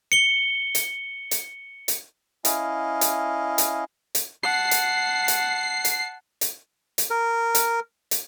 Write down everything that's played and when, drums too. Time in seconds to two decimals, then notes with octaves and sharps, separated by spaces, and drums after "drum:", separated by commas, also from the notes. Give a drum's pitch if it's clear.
0.12 C#7 G7
0.75 drum: hi-hat
1.31 drum: hi-hat
1.88 drum: hi-hat
2.45 C#4 E4 D#5 F5, drum: hi-hat
3.01 drum: hi-hat
3.58 drum: hi-hat
4.15 drum: hi-hat
4.43 F#5 A5 C7
4.71 drum: hi-hat
5.28 drum: hi-hat
5.85 drum: hi-hat
6.41 drum: hi-hat
6.98 drum: hi-hat
7.10 A#4
7.55 drum: hi-hat
8.11 drum: hi-hat